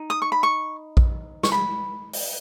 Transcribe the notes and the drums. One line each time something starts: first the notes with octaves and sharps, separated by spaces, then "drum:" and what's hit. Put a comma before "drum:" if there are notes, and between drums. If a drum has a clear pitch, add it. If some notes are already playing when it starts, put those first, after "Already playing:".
Already playing: D#4
D#6
C#6
B5
C#6
drum: kick A#1
C#6, drum: snare
B5
drum: open hi-hat